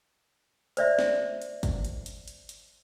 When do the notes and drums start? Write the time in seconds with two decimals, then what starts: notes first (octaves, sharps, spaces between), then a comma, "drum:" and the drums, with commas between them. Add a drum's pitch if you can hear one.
0.77 C5 D5 E5, drum: hi-hat
0.99 drum: snare
1.42 drum: hi-hat
1.63 drum: kick, hi-hat
1.85 drum: hi-hat
2.06 drum: hi-hat
2.28 drum: hi-hat
2.49 drum: hi-hat